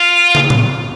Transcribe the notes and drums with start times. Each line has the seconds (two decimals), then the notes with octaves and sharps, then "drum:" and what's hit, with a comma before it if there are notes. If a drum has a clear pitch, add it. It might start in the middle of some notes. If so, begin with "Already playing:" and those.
Already playing: F4
0.35 drum: tom
0.50 drum: tom A2